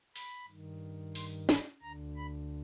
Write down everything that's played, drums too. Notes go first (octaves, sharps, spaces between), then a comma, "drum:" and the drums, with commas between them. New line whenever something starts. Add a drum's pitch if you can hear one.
B5, drum: open hi-hat
G2 D#3
C6, drum: open hi-hat
B5, drum: snare
D2 D3 A#5
B5